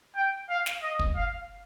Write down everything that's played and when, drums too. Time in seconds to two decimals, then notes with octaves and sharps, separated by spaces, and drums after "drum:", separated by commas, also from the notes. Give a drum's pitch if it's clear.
0.16 G5
0.49 F5
0.66 drum: snare
0.83 D#5
0.99 drum: kick
1.16 F5